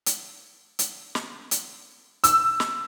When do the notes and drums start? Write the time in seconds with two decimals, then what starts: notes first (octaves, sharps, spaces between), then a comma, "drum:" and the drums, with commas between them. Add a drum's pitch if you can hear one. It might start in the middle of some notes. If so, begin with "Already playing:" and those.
0.06 drum: hi-hat
0.79 drum: hi-hat
1.15 drum: snare
1.51 drum: hi-hat
2.24 E6, drum: hi-hat
2.60 drum: snare